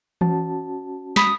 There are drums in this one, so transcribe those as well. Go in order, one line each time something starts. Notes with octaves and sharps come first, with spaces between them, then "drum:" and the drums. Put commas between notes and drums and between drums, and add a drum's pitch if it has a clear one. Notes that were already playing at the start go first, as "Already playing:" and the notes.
C#4 F#4 A5, drum: tom E3
B5 D#6 B6, drum: snare